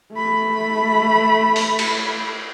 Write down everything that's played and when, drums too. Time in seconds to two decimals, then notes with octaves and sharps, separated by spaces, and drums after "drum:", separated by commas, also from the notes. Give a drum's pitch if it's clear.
0.13 A3 B5
1.56 drum: open hi-hat
1.79 drum: cymbal